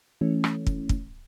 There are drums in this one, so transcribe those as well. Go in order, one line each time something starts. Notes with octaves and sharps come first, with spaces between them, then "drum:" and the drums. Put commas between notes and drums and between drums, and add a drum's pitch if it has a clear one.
E3 A3 C#4
drum: rim click
drum: kick
drum: kick